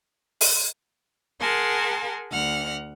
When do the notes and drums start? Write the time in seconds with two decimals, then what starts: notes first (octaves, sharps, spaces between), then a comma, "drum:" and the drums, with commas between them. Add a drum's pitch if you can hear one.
0.41 drum: open hi-hat
1.40 G#4 A#4 F#5 G#5 A5 C6
2.30 D2 F#5 F6